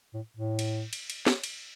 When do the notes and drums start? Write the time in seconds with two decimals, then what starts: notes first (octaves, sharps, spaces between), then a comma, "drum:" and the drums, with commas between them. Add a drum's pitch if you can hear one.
0.14 A2
0.37 A2
0.59 drum: cymbal
0.93 drum: cymbal
1.10 drum: cymbal
1.27 drum: snare
1.43 drum: cymbal